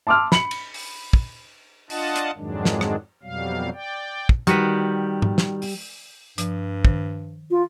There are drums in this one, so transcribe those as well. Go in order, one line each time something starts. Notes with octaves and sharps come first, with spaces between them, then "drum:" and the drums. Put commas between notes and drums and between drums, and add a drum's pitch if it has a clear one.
A5 C6 D6 E6 F6
B5 C#7 F#7, drum: snare
drum: cymbal
drum: open hi-hat
drum: kick
D4 F4 D#5 F#5 A5, drum: open hi-hat
drum: hi-hat
F2 G#2 D#3 F#3 G#3 D4
drum: snare
drum: rim click
F2 B2 F#3 G3 F5
D5 G5
drum: kick
D#3 G3 F#4 B4, drum: hi-hat
drum: tom G#2
drum: snare
drum: open hi-hat
G2 F3, drum: hi-hat
D#3, drum: kick
F4